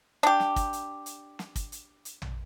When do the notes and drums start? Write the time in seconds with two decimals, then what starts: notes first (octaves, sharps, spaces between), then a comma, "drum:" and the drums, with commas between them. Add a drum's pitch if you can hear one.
0.23 D4 G4
0.40 drum: snare
0.56 drum: kick, hi-hat
0.73 drum: hi-hat
1.06 drum: hi-hat
1.39 drum: snare
1.56 drum: kick, hi-hat
1.72 drum: hi-hat
2.05 drum: hi-hat
2.22 drum: tom